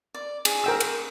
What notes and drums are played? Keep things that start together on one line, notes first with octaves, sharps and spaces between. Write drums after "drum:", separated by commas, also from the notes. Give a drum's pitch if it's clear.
D5
G#4, drum: cymbal
A#4 G5 E6
drum: cymbal